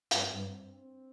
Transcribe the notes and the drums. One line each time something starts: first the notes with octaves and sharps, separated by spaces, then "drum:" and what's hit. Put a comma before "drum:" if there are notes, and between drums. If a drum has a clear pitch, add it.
G2 C4, drum: hi-hat
G2
C4
C4